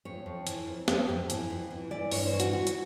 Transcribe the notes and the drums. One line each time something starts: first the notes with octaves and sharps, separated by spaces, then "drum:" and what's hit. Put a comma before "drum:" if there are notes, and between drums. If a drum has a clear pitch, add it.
F2 C#5
F2
E3, drum: hi-hat
F2
F2, drum: snare
F2
E3, drum: hi-hat
F2
E3
E3 D5
G2 C#5, drum: open hi-hat
C5
E3
F#4, drum: hi-hat
E3 F#4
drum: hi-hat